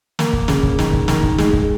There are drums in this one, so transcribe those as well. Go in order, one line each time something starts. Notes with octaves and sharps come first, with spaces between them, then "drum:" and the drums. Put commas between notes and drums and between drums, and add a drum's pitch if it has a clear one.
A#3, drum: snare
drum: kick
C#3, drum: snare
drum: kick
D#3, drum: snare
drum: kick
D#3, drum: snare
drum: kick
G#3, drum: snare
drum: kick